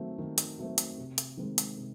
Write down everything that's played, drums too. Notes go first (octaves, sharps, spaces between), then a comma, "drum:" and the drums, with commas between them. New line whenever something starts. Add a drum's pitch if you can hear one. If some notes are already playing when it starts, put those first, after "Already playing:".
Already playing: D#3 F#3 A3 C4
D#3
drum: hi-hat
F#3 A3 C4
drum: hi-hat
C3
drum: hi-hat
D#3 G#3 C4
drum: hi-hat
C3